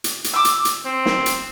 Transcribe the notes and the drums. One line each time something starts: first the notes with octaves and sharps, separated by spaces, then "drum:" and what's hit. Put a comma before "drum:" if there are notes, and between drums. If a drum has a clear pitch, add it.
drum: hi-hat
drum: hi-hat
D6 E6
drum: hi-hat
drum: hi-hat
C4
drum: snare
drum: hi-hat